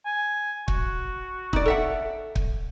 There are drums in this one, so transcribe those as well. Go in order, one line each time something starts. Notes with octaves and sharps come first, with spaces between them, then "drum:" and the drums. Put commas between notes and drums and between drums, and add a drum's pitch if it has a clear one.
G#5
F#4, drum: kick
D#4 D5, drum: kick
A4 E5 F#5
drum: kick